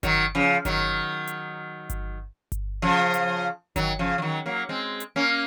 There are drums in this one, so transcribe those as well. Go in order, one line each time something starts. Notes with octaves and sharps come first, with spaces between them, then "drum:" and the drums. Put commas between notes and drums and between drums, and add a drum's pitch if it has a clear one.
D#3 F#3, drum: kick G1, hi-hat
C#3 F3
D#3 F#3, drum: kick G1, hi-hat
drum: hi-hat
drum: kick G1, hi-hat
drum: kick G1, hi-hat
C#3 F3
drum: hi-hat
D#3 F#3, drum: kick G1, hi-hat
C#3 F3
F3
D#3 F#3
F#3 A#3
G#3 C4
drum: hi-hat
A#3 C#4